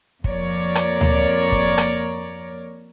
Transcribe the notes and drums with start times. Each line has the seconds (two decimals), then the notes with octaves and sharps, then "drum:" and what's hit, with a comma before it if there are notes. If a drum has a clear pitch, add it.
0.24 F2 A#3 A#4 C#5 D5, drum: kick
0.75 drum: rim click
1.01 drum: tom D2
1.52 drum: kick
1.78 drum: rim click